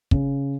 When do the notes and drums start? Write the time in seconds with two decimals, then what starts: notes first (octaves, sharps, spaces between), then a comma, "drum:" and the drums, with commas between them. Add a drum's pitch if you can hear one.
0.11 C#3, drum: kick